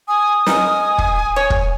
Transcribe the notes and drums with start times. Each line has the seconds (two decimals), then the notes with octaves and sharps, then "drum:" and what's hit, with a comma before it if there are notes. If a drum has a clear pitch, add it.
0.08 G#5 D#6
0.46 B3 D#4 A#4 G#5, drum: snare
0.98 drum: kick
1.36 C#5
1.50 drum: kick